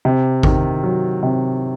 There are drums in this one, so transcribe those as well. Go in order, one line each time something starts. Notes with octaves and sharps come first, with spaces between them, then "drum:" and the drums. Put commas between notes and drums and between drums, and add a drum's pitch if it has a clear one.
C3
D#3, drum: kick
F#3
C3